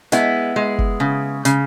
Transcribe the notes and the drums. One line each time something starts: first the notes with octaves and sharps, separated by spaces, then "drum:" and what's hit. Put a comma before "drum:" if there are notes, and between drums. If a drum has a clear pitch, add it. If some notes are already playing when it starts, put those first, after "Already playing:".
G#3 B3 E4, drum: hi-hat
G#3
drum: kick
C#3
C#3, drum: hi-hat